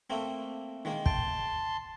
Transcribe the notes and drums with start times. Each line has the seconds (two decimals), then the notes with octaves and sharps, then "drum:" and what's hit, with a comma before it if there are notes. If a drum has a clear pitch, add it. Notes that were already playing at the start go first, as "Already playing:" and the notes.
0.10 A3 A#3 C4
0.85 D#3 G#3 A#3
1.06 G5 A5 C6, drum: kick